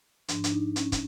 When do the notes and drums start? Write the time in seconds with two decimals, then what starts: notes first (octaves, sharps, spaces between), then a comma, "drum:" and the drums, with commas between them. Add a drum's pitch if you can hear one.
0.28 G#2 F3 D4, drum: hi-hat
0.44 D4, drum: hi-hat
0.52 D#4
0.76 C#4, drum: hi-hat
0.92 drum: kick, hi-hat